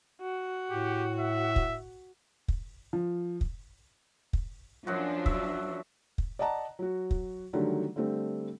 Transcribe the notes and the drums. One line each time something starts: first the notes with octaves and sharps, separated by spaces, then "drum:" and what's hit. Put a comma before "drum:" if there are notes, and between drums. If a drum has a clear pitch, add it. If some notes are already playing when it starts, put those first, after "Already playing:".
F#4
A2 G4
E5
drum: kick
drum: kick
F3
drum: kick
drum: kick
F#2 F3 F#3 D4 F#4
E5, drum: kick
drum: kick
D5 D#5 F#5 A5 A#5
F#3 F#4
drum: kick
D3 D#3 F#3 G3 A3
D3 G3 A3 C4